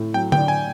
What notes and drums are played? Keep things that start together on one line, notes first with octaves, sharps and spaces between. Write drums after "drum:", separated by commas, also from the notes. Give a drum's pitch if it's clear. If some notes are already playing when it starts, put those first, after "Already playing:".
Already playing: A2 A3
F#3 G5
G5, drum: tom D3
D4
G#5